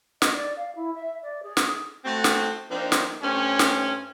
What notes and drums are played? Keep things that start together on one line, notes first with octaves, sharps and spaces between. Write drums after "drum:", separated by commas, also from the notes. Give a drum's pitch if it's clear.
D#5, drum: snare
D5
F5
E4
E5
D5
G#4
drum: snare
A3 C4 F#4
drum: snare
F3 A#3 C4 D4 D#4
drum: snare
G2 A3 C4 C#4
drum: snare